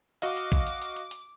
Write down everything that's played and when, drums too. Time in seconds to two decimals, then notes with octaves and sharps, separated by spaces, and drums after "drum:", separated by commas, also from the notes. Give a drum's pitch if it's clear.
0.22 F#4 D#5 F5 D6, drum: hi-hat
0.37 drum: hi-hat
0.52 drum: kick A#1, hi-hat
0.67 drum: hi-hat
0.81 drum: hi-hat
0.96 drum: hi-hat
1.11 drum: hi-hat